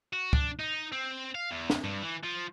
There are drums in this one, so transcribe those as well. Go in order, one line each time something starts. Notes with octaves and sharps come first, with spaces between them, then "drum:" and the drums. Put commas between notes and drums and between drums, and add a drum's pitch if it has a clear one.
F#4
D4, drum: kick
D#4
C4
F5
E2
drum: snare
G2
E3
F3